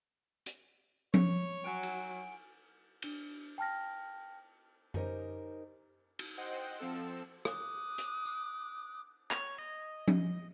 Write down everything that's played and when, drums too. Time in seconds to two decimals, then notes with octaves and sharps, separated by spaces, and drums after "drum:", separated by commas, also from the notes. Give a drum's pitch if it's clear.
0.46 drum: hi-hat
1.14 C#5, drum: tom F3
1.64 F#3 G#5 D7
1.83 drum: cymbal
3.02 D4 G7, drum: cymbal
3.58 G5 A5 F6 A#6
4.94 C#4 D#4 G4 A#4 C5 D#5, drum: tom F#2
6.19 drum: cymbal
6.37 C5 D#5 F#5 G5
6.79 F3 C4 A4 E6
7.45 D6 D#6 F#6, drum: rim click
7.98 drum: hi-hat
8.26 drum: tambourine
9.31 C#5, drum: clap
9.58 D#5
10.08 drum: tom F3